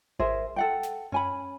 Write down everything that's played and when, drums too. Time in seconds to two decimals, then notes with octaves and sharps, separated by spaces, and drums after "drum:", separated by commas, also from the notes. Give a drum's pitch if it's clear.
0.19 G#4 A#4 C5 E5, drum: kick G#1
0.56 A4 F#5 G5
0.83 drum: snare
1.12 C#4 G#5 B5, drum: tom F#2